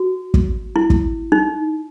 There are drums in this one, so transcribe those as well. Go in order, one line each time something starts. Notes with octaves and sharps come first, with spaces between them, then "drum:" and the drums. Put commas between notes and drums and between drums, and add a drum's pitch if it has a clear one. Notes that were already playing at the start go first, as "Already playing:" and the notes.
Already playing: F#4
drum: kick
E4
drum: kick
D#4